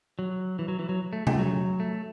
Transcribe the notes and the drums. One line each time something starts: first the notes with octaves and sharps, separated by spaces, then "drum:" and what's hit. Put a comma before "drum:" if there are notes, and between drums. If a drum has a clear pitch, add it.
F#3
E3
F#3
E3
F#3
A3
A3, drum: tom C3
F#3
A3